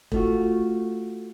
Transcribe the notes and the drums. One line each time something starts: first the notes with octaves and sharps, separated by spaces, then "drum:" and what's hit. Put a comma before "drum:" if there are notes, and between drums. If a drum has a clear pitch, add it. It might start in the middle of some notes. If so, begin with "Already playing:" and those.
A3 F4 F#4, drum: kick E1